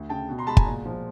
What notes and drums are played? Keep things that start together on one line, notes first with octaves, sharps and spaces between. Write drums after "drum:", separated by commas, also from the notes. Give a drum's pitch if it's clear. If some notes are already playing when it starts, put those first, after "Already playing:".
Already playing: D2
C#3 G5 A5
B2
A#5 C6
G#3 A5 B5
G#5 A#5, drum: kick
A#2
F3